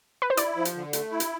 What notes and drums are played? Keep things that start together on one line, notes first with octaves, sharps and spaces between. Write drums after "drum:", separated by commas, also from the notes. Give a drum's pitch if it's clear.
B4
C5
E4 D5, drum: hi-hat
F3
drum: hi-hat
D3
A3, drum: hi-hat
E4
drum: hi-hat